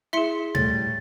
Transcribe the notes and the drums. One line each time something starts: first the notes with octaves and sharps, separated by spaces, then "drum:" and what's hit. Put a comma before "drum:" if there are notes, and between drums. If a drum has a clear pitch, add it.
E4 G#4 E5 C6 C#7
A2 G3 A6, drum: tom A#2